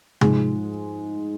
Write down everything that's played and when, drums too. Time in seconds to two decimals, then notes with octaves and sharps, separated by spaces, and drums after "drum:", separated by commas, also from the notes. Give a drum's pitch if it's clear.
0.21 G#2 F3 G#3, drum: tom C3